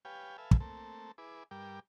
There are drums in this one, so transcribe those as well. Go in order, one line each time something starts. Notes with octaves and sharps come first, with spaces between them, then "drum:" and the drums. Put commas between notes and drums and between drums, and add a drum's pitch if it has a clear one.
G4 B4 C#5 F5 G5 G#5
A4 B4 E5 F5 G#5
drum: kick
A3 A#3 C4 A4
E4 G#4 B4 D6
G2 G3 A#4 G5 D6